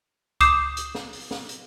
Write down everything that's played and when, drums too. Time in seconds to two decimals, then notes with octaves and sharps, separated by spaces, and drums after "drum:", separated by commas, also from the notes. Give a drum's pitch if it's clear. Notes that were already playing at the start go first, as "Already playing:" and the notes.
0.41 D6 D#6 G6 C7 E7, drum: kick C#2, hi-hat
0.77 drum: hi-hat
0.95 drum: snare
1.13 drum: open hi-hat
1.31 drum: snare
1.49 drum: hi-hat